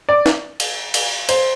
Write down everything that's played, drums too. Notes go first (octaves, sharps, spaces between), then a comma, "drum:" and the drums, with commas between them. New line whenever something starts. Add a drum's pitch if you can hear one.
D5
drum: snare
drum: cymbal
drum: cymbal
C5, drum: cymbal